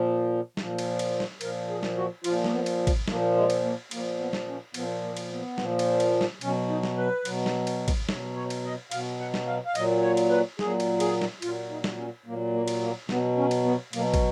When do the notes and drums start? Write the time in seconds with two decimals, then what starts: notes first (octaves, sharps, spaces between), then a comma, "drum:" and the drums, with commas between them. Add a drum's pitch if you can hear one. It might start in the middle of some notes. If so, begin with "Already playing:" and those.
Already playing: A#2 F3
0.57 A#2 F3, drum: snare
0.78 drum: cymbal
0.99 drum: cymbal
1.20 drum: snare
1.41 A#2 F3 A#4, drum: cymbal
1.69 G#4
1.83 drum: snare
1.97 F#4
2.24 A#2 F3 F4, drum: cymbal
2.44 A#3, drum: snare
2.52 B3
2.66 drum: cymbal
2.87 drum: kick, cymbal
3.08 A#2 F3 A#3, drum: snare
3.36 G#3
3.50 drum: cymbal
3.64 A#3
3.91 A#2 F3 A#3, drum: cymbal
4.19 B3
4.33 drum: snare
4.47 C#4
4.74 A#2 F3 B3, drum: cymbal
5.03 A#3
5.17 drum: cymbal
5.31 B3
5.58 A#2 F3, drum: snare
5.79 drum: cymbal
6.00 drum: cymbal
6.21 drum: snare
6.41 B2 F#3 C#4, drum: cymbal
6.69 D#4
6.83 drum: snare
6.97 B4
7.25 B2 F#3, drum: cymbal
7.46 drum: snare
7.67 drum: cymbal
7.88 drum: kick, cymbal
8.09 B2 F#3 C#5, drum: snare
8.36 C#5
8.50 drum: cymbal
8.65 D#5
8.91 B2 F#3 F5, drum: cymbal
9.19 F#5
9.34 drum: snare
9.47 F5
9.66 F5
9.75 A#2 F#3 D#5, drum: cymbal
10.04 C#5
10.17 drum: cymbal
10.31 B4
10.59 A#2 F#3 G#4, drum: snare
10.80 drum: cymbal
11.00 G#4, drum: cymbal
11.22 drum: snare
11.42 A#2 F#3 F4, drum: cymbal
11.70 D#4
11.84 drum: snare
11.97 C#4
12.26 A#2 F#3 A#3
12.53 A#3
12.68 drum: cymbal
12.82 A#3
13.09 B2 F#3 B3, drum: snare
13.37 C#4
13.51 drum: cymbal
13.65 B3
13.93 B2 F#3 A#3, drum: cymbal
14.14 drum: kick, cymbal